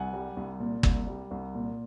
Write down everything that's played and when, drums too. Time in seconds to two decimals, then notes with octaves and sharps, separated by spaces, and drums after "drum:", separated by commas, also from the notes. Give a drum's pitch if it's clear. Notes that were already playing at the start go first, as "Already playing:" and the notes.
Already playing: C2 F#5 G#5
0.13 G3
0.37 C2
0.60 A#2
0.83 C2, drum: kick
1.07 G3
1.31 C2
1.55 A#2